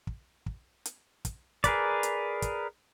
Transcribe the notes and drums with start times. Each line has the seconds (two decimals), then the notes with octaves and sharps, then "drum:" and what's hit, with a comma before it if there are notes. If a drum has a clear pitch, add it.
0.07 drum: kick
0.46 drum: kick
0.85 drum: hi-hat
1.25 drum: kick, hi-hat
1.64 G#4 A#4 B4 D5, drum: kick, hi-hat
2.03 drum: hi-hat
2.42 drum: kick, hi-hat